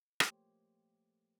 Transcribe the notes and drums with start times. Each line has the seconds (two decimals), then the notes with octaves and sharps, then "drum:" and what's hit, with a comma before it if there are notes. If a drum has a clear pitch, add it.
0.20 F3 A3 A#3 G4 C5 C#5, drum: rim click